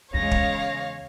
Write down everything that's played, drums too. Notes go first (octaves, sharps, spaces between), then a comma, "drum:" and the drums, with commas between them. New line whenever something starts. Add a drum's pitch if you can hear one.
E2 C#3 G#3 C#5 F5 A#6
drum: kick